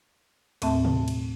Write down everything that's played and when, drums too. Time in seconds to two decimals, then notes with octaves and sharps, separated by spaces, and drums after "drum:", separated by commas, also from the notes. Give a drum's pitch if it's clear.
0.62 D#2 A2 A3 C4 E5 A5, drum: cymbal
0.85 drum: tom
1.08 drum: cymbal